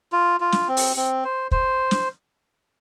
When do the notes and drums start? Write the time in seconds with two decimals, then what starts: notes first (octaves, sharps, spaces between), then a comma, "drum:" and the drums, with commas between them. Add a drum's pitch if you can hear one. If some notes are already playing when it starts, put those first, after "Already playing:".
0.12 F4
0.40 F4
0.52 drum: snare
0.68 C4
0.77 drum: open hi-hat
0.97 C4
1.24 C5
1.51 C5, drum: kick
1.91 drum: snare